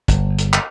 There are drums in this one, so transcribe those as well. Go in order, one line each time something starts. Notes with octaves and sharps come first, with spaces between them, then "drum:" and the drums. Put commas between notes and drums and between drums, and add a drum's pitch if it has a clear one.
G1, drum: kick, hi-hat
drum: hi-hat
drum: clap